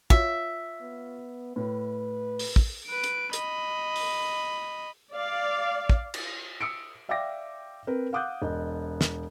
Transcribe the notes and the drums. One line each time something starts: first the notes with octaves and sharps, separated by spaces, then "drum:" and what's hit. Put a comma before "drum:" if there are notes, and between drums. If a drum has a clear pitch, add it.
F4 C#5 E5, drum: kick
B3
A2 B4
drum: open hi-hat
drum: kick
B4 D7
drum: hi-hat
D#5 B5, drum: hi-hat
drum: open hi-hat
D5 F5
drum: kick
drum: cymbal
D#6 E6 C#7 D7
D5 E5 F5 G5 D6 A#6
C4 A#4 B4
F5 F#5 D6 D#6 F#6 G6
E1 D#5
drum: snare